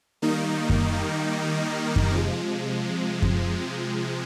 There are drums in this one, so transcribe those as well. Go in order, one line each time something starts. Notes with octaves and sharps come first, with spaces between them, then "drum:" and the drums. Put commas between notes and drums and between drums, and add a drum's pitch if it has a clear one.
D#3 G3 A#3 D#4
drum: kick F#2
drum: kick F#2
C3 F3 G#3
drum: kick F#2